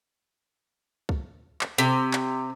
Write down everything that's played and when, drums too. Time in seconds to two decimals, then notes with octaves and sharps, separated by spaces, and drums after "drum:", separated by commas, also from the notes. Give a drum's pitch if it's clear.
1.09 drum: kick C#2
1.61 drum: clap
1.78 C3
2.13 drum: clap